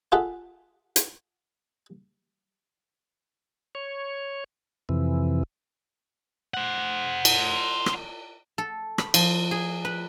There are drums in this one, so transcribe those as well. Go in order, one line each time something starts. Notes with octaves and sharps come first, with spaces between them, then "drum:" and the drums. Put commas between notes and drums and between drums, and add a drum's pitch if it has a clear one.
F4 G#4 A4 E5 F#5
drum: hi-hat
C#5
F2 C3 E3
C5 F#5
drum: cymbal
drum: rim click
A4
B5, drum: rim click
F3, drum: cymbal
G#4
B4